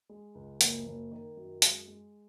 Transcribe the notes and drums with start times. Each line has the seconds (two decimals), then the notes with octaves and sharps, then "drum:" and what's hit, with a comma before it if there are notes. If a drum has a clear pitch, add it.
0.09 G#3
0.35 C#2
0.61 F#1, drum: hi-hat
0.86 F#1
1.12 D#3
1.37 F#2
1.62 G#3, drum: hi-hat
1.87 G#3